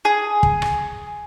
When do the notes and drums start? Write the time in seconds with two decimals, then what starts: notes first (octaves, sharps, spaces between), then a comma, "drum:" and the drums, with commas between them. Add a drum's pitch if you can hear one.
0.05 G#4
0.43 drum: kick
0.62 drum: rim click